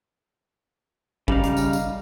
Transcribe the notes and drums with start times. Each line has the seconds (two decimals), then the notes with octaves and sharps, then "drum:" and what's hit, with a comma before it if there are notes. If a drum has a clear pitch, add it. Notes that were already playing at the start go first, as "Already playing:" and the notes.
1.28 C#3 G3 D#4 F5, drum: kick
1.43 drum: hi-hat
1.57 drum: tambourine
1.73 drum: tambourine